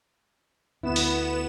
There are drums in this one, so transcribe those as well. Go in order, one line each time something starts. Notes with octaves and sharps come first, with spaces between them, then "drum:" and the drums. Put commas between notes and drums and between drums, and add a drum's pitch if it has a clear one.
D2 B3 E4 E7
drum: open hi-hat